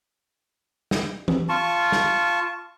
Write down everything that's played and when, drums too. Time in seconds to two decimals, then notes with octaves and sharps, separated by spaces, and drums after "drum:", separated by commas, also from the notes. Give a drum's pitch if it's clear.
0.91 drum: snare
1.28 drum: tom E3
1.49 F4 A5 C#6
1.92 drum: snare